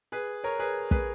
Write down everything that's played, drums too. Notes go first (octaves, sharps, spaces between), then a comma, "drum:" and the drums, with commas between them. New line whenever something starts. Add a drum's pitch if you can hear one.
G#4 B4
A#4 C#5
G#4 B4
G#4 B4, drum: kick